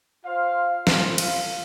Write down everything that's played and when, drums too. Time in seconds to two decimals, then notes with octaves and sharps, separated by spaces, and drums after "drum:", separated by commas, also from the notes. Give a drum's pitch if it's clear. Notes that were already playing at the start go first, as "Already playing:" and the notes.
0.25 F4 C5 F5
0.87 F4 C5 F5, drum: snare
1.18 drum: cymbal